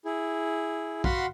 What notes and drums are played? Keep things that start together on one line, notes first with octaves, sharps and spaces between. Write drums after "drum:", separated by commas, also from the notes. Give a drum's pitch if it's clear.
E4 G#4
F#4 F5 F#5 B5 C6, drum: kick A#1